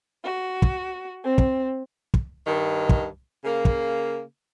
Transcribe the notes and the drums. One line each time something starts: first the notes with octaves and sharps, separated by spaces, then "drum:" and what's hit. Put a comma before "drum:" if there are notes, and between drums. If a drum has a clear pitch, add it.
F#4
drum: kick
C4
drum: kick
drum: kick
G2 D#3
drum: kick
C#3 A#3
drum: kick